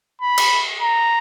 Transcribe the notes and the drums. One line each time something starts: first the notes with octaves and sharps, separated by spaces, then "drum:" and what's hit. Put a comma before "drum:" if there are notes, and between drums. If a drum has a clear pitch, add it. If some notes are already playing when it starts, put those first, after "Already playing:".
B5
drum: cymbal
A#5